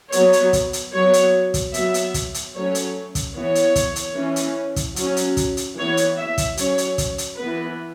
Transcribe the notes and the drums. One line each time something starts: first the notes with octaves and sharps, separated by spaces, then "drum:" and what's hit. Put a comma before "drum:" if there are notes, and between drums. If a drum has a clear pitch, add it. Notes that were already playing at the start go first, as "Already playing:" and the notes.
F#3 B3 C#5, drum: hi-hat
drum: hi-hat
drum: kick, hi-hat
drum: hi-hat
F#3 B3 C#5
drum: hi-hat
drum: kick, hi-hat
F#3 B3 E5, drum: hi-hat
drum: hi-hat
drum: kick, hi-hat
drum: hi-hat
F#3 A3 C#4 C#5
drum: hi-hat
drum: kick, hi-hat
E3 B3 C#5
drum: hi-hat
drum: kick, hi-hat
drum: hi-hat
E3 C#4
drum: hi-hat
drum: kick, hi-hat
F#3 C#4, drum: hi-hat
drum: hi-hat
drum: kick, hi-hat
drum: hi-hat
E3 B3 C#5
drum: hi-hat
E5
drum: kick, hi-hat
F#3 C#4 C#5, drum: hi-hat
drum: hi-hat
drum: kick, hi-hat
drum: hi-hat
E3 B3 B4